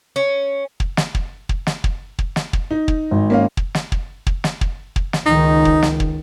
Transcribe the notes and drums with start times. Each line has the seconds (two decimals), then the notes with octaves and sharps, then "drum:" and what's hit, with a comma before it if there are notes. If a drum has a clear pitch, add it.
0.16 C#4
0.80 drum: kick
0.97 drum: snare
1.15 drum: kick
1.49 drum: kick
1.67 drum: snare
1.84 drum: kick
2.19 drum: kick
2.36 drum: snare
2.53 drum: kick
2.71 D#4
2.88 drum: kick
3.11 G#1
3.30 A#3 C#4 F5
3.57 drum: kick
3.75 drum: snare
3.92 drum: kick
4.27 drum: kick
4.44 drum: snare
4.61 drum: kick
4.96 drum: kick
5.13 drum: snare
5.26 C#2 D#3 D#4
5.65 drum: kick
5.83 drum: snare
6.00 drum: kick